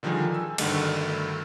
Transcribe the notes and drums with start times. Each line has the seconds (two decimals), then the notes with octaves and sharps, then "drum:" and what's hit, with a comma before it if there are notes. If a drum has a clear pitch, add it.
0.03 D3 D#3 F3 G3 D#4 G#4
0.32 G#5 E6
0.58 G2 D3 D#3 A3, drum: cymbal